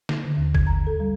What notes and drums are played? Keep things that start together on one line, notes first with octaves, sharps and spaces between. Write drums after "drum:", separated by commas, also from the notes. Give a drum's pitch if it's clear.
drum: snare
D3
D#2
G#6, drum: kick
A#5
A4
G3